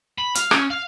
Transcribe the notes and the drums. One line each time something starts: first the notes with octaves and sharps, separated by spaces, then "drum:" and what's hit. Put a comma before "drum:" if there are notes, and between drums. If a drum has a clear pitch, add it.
B5
F5, drum: hi-hat
C#4, drum: rim click
F5